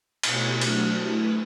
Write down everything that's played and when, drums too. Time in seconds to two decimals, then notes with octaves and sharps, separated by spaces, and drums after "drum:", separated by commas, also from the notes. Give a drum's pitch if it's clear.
0.23 B2 A3 E4 G4 C#5, drum: cymbal
0.61 F#3 A3 D4 G4, drum: cymbal
0.98 A3 E4 B4